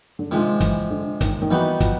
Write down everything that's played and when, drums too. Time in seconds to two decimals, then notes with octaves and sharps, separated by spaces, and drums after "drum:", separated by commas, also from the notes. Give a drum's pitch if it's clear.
0.19 D3
0.31 C3 D#3 F3 G#3
0.60 E3, drum: kick, hi-hat
0.90 D3
1.21 D#3, drum: kick, hi-hat
1.42 D#3
1.50 E3 G3 B3 D#4 F#4
1.80 F3, drum: kick, hi-hat